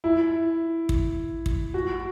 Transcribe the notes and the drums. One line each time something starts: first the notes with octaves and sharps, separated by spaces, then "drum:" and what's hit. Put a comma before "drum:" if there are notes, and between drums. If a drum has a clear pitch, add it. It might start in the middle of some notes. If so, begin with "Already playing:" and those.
E4
drum: kick
drum: kick
F#4